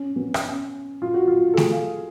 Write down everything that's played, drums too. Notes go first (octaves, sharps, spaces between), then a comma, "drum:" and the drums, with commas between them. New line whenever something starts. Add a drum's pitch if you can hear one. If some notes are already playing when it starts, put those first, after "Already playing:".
Already playing: C#4
B3
drum: rim click
C#4
F4
F#4
F4
A4
G#4, drum: snare A3
F5